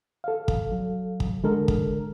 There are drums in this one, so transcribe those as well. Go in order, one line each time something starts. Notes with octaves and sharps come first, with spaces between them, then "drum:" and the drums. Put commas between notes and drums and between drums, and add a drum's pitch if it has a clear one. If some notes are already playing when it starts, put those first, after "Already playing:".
A4 F5
drum: kick
F#3
drum: kick
D3 G#3 A4 A#4
drum: kick